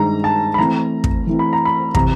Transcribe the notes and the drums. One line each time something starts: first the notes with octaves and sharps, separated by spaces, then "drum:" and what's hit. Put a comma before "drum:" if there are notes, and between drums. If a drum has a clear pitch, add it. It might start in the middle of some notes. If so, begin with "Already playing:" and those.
Already playing: G2 D#3 G#3 A#5
A5
B5
E3 A3 C4 E4 A#5
drum: kick
E3 A3 C4 E4
B5
A#5
B5
C3 E3 A#5, drum: kick